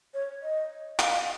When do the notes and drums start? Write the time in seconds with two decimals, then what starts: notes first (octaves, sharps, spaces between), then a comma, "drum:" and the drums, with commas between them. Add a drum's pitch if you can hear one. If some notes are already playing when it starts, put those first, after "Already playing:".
0.14 C#5
0.43 D#5
0.99 F5, drum: clap